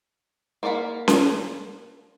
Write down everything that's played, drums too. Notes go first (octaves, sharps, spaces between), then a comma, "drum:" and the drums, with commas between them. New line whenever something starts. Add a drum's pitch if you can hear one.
A#3 A#4 D5 F#5 B5
drum: snare C#4